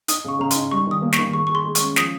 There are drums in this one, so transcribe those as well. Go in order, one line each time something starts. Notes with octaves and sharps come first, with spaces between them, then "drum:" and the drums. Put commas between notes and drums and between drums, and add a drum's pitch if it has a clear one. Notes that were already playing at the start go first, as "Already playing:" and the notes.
D#4 D#6, drum: hi-hat
C#3 C#6
C#3 A#5
D#4 C6, drum: hi-hat
G3 C#6
D#3 D#6
A#3
C#6, drum: snare
D#3
G#4 C#6
G#4 C#6
C6
G#3
C#6, drum: hi-hat
C#4
F3 D#6, drum: snare